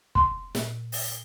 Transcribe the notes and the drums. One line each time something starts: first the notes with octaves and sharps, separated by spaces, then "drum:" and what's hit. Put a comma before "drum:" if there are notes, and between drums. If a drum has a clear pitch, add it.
C6, drum: kick
A#2, drum: snare
drum: open hi-hat